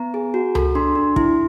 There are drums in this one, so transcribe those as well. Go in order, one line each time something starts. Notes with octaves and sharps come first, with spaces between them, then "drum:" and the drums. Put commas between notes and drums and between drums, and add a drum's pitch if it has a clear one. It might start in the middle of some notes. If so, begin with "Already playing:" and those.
Already playing: B3 A#5
G#4
F#4
A4, drum: tom C#2
D4 C6
D4
E4, drum: kick